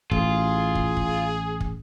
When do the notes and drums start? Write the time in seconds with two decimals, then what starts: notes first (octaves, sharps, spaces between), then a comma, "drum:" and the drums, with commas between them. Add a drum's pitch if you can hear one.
0.11 A1 F4 G#4, drum: kick
0.75 drum: kick
0.97 drum: kick
1.61 drum: kick